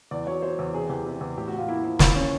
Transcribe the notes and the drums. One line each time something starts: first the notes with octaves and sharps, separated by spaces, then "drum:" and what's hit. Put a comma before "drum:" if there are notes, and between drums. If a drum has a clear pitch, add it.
E2 D5
F#3 C#5
F#3 C5
E2
C3 G#4
E2 G4
C3
E2
A2 G4
F#4
A2
F4
A#3 E4
F3
A#3, drum: snare
C#4